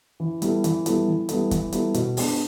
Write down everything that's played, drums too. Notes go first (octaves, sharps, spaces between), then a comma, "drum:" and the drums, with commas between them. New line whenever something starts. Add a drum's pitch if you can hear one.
E3
G3 B3 E4 A4, drum: hi-hat
E3, drum: hi-hat
G3 B3 E4 A4, drum: hi-hat
E3
G3 B3 E4 A4, drum: hi-hat
E3, drum: kick, hi-hat
G3 B3 E4 A4, drum: hi-hat
B2, drum: hi-hat
G#3 B3 D4, drum: open hi-hat